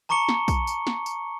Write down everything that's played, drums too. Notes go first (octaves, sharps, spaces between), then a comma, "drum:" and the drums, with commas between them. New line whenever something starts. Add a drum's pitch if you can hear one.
A5 A#5 C#6 D6 C#7 G7
drum: snare
drum: kick, tambourine
drum: tambourine
drum: snare
drum: tambourine